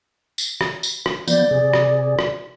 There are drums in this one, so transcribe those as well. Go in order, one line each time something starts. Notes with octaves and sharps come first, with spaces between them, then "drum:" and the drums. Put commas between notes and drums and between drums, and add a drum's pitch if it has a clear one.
drum: tambourine
drum: rim click
drum: tambourine
drum: rim click
F3 B3 D5 G6, drum: tambourine
C3 G#4
drum: rim click
drum: rim click